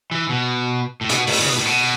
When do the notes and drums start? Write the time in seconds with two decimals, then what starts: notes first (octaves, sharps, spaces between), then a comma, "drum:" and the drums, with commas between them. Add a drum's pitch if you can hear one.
0.11 E3
0.29 B2
1.01 A2
1.09 C#3, drum: hi-hat
1.13 B2
1.27 A2, drum: open hi-hat
1.40 C#3
1.49 B2
1.57 A2
1.66 B2